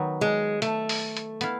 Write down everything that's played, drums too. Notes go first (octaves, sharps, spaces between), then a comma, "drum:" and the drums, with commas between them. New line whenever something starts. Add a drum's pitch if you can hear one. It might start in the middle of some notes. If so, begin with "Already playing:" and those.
Already playing: D#3 F#3 B3 D#4 F#4
G#3
A3, drum: hi-hat
drum: open hi-hat
drum: hi-hat
B3 E4 F5, drum: hi-hat